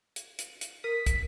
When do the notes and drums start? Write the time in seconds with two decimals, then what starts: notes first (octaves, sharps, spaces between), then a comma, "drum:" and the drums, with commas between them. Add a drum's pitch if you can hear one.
0.16 drum: hi-hat
0.39 drum: hi-hat
0.61 drum: hi-hat
0.84 A#4 D#6 B6
1.06 drum: kick, hi-hat